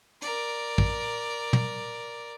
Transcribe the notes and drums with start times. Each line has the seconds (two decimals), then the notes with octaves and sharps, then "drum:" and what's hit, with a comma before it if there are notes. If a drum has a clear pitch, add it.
0.22 A#4 D5, drum: hi-hat
0.78 drum: kick
1.53 drum: tom